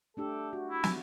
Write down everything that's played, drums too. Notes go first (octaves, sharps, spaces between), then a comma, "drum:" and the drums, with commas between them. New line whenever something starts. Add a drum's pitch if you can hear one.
A3 D4 G4 A4
F#4
E4
drum: snare